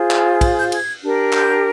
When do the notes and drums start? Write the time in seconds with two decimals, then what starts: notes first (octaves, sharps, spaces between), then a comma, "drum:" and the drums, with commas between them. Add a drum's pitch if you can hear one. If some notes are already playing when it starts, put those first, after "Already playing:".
Already playing: F4 G#4 C5
0.10 drum: clap
0.41 drum: kick, cymbal
0.57 G6
0.72 G#6, drum: cymbal
1.02 D4 G4 A#4
1.33 G6, drum: clap